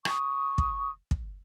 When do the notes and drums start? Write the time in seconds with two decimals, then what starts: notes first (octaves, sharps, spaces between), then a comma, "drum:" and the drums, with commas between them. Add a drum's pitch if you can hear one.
0.05 C#6 D#6, drum: rim click
0.58 drum: kick
1.11 drum: kick